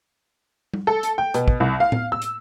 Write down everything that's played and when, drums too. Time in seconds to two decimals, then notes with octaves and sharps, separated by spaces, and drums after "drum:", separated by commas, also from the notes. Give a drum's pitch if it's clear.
0.74 drum: tom G3
0.87 A4
1.03 drum: hi-hat
1.18 G5
1.34 B2, drum: hi-hat
1.48 drum: kick
1.60 C2
1.80 F5
1.92 drum: tom A2
2.12 E6
2.22 drum: hi-hat